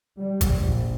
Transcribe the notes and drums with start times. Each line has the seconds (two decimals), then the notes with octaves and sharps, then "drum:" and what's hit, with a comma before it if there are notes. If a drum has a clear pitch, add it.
0.19 G3
0.41 drum: kick, hi-hat
0.53 A#1